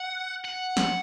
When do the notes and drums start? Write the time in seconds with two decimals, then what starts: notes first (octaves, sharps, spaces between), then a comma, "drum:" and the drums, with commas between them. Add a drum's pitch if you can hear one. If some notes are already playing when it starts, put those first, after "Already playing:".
Already playing: F#5
0.45 F#5
0.77 drum: snare